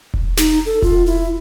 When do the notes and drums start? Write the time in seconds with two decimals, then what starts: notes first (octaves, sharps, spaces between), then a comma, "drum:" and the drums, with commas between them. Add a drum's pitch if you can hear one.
0.14 drum: kick E1
0.37 D#4, drum: snare
0.66 A4
0.82 F4, drum: kick E1
1.06 E4